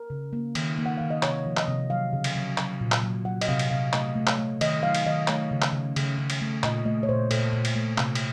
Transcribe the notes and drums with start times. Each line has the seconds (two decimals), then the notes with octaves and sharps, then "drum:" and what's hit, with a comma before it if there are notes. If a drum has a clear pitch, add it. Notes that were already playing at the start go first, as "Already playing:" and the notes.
Already playing: A#4
0.10 C#3
0.33 A#3
0.55 D#3, drum: cymbal
0.78 A#3
0.86 F#5
0.98 D#3 F5
1.10 D#5
1.23 C3 C#5, drum: clap
1.46 F3
1.57 D#5, drum: clap
1.68 C3
1.90 F#3 F5
2.13 C#3
2.24 drum: cymbal
2.35 F#3
2.58 F#3, drum: clap
2.81 A#2
2.92 drum: clap
3.03 F#3
3.25 F#3 F#5
3.41 D#5, drum: cymbal
3.48 C3 F5
3.59 drum: cymbal
3.70 C3 F5
3.93 A3 D#5, drum: clap
4.16 A3
4.27 C#5, drum: clap
4.38 A3
4.61 D#3 D#5, drum: cymbal
4.83 F#3 F5
4.95 drum: cymbal
5.06 D#3 D#5
5.28 A3 C#5, drum: clap
5.51 C#3
5.62 drum: clap
5.73 C#3
5.96 C#3, drum: cymbal
6.18 C#3
6.30 drum: cymbal
6.41 A3
6.63 A#2 D#5, drum: clap
6.86 A3 D#5
7.03 C#5
7.09 A#2 C5
7.31 A#2 A4, drum: cymbal
7.53 A#2
7.65 drum: cymbal
7.75 A3
7.98 C3, drum: clap
8.15 drum: cymbal